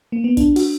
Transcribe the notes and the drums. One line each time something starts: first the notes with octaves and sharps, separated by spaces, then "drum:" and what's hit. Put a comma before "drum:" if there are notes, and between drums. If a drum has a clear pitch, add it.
A#3
B3
D4, drum: kick, hi-hat
F#4, drum: open hi-hat